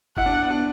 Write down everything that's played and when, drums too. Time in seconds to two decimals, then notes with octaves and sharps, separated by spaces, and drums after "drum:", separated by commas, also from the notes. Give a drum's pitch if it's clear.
0.17 E4 F#5, drum: kick
0.26 D4
0.42 B3
0.51 D4